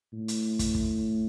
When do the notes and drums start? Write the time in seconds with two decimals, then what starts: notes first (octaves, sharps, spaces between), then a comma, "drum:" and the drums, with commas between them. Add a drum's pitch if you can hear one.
0.13 A2
0.28 drum: hi-hat
0.59 drum: kick, hi-hat
0.75 drum: kick